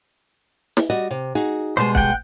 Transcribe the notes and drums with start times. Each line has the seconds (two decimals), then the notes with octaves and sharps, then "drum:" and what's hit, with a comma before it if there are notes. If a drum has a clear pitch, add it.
0.77 drum: snare
0.90 G3 F#4 D#5
1.11 C3
1.35 D#4 F#4 G#4
1.77 B2 G3 G#3 C5
1.95 F#5 G5, drum: kick